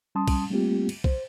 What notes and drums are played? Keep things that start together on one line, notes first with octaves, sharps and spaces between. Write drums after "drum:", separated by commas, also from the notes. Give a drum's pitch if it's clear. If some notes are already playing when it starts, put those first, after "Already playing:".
G3 C#4 A5 C6 D#6
drum: kick B1, cymbal
G3 A3 A#3 C4 F4 G4
drum: cymbal
C5, drum: kick B1